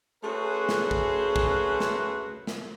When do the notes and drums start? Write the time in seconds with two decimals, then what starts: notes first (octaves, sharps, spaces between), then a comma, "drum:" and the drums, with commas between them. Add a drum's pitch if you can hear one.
0.24 A3 C#4 F#4 G#4 B4 C5
0.69 drum: snare
0.91 drum: kick
1.36 drum: kick
1.80 drum: snare
2.47 drum: snare